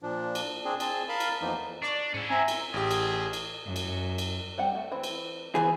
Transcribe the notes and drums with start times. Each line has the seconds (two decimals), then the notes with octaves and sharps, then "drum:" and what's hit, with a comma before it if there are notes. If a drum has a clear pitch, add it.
0.02 A#2 F3 D4
0.35 drum: cymbal
0.65 C4 D4 G#4
0.80 C4 G#4 A5, drum: cymbal
1.08 A#4 F5 A5 B5
1.20 drum: cymbal
1.42 F2 E3 F3 A#3 B3 D#4
1.82 D4 D5 C#6
2.14 G#2 C#4 E4
2.30 C4 E5 G#5 A#5
2.48 drum: cymbal
2.74 A1 G4 G#4
2.91 drum: cymbal
3.33 drum: cymbal
3.66 F#2
3.76 drum: cymbal
4.18 drum: cymbal
4.58 G3 C4 F#5
4.75 A3
4.92 E3 C4
5.04 drum: cymbal
5.55 E3 B3 G#4 B4 C5